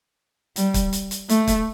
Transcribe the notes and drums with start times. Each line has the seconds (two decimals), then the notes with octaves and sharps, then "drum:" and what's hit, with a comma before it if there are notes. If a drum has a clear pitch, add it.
0.56 G3, drum: hi-hat
0.74 drum: kick, hi-hat
0.93 drum: hi-hat
1.11 drum: hi-hat
1.29 A3, drum: hi-hat
1.47 drum: kick, hi-hat